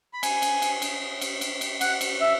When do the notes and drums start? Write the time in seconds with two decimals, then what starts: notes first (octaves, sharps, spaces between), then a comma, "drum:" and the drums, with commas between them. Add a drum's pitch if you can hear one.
0.13 B5
0.23 G#5, drum: cymbal
0.42 drum: cymbal
0.62 drum: cymbal
0.82 drum: cymbal
1.21 drum: cymbal
1.41 drum: cymbal
1.61 drum: cymbal
1.81 F#5, drum: cymbal
2.01 drum: cymbal
2.21 E5